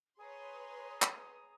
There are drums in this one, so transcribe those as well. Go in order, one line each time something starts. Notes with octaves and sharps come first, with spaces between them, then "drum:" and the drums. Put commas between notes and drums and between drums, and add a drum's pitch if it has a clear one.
G#4 B4 C#5 A#5 C6 D#6
drum: clap